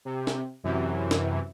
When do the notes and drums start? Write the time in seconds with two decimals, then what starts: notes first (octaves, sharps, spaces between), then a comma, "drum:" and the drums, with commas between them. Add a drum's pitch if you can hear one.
0.05 C3
0.27 drum: snare
0.64 F#2 C3 E3
1.11 drum: snare